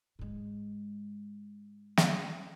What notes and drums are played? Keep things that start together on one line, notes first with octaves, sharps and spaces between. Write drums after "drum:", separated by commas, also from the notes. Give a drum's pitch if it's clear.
G#2 G#3
drum: snare